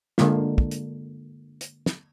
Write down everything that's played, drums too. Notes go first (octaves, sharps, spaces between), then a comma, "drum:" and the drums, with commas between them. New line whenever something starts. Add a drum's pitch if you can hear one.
D3 G#3 A#3 F4, drum: snare
drum: kick
drum: hi-hat
drum: hi-hat
drum: snare